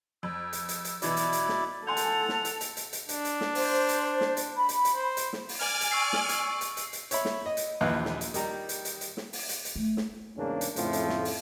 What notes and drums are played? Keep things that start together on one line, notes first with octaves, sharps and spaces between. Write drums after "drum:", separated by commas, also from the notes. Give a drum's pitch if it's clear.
F2 E6
drum: hi-hat
drum: hi-hat
drum: hi-hat
B2 E3 F#3 E4 D5, drum: hi-hat
drum: hi-hat
drum: hi-hat
drum: snare
A4 F#5 G#5 C6 G6 F7
drum: hi-hat
drum: snare
drum: hi-hat
drum: hi-hat
drum: hi-hat
drum: hi-hat
D4, drum: hi-hat
drum: hi-hat
drum: snare
C5, drum: open hi-hat
drum: hi-hat
drum: snare
drum: hi-hat
B5
drum: hi-hat
drum: hi-hat
C5
drum: hi-hat
drum: snare
drum: open hi-hat
D5 G#5 F6
drum: hi-hat
C#6 E6 C7
drum: snare
drum: hi-hat
drum: hi-hat
drum: hi-hat
drum: hi-hat
C#5 E5 B5, drum: hi-hat
drum: snare
D#5
drum: hi-hat
A#1 D#2 E3 F5 F#6
drum: snare
drum: hi-hat
D#3 G3 A#5, drum: hi-hat
drum: hi-hat
drum: hi-hat
drum: hi-hat
drum: snare
drum: open hi-hat
drum: hi-hat
drum: hi-hat
A3
drum: snare
E2 G#2 C#3 A#3 C#4 D4
drum: hi-hat
F2 A2 C#3 F3 A3, drum: hi-hat
drum: hi-hat
drum: snare
drum: open hi-hat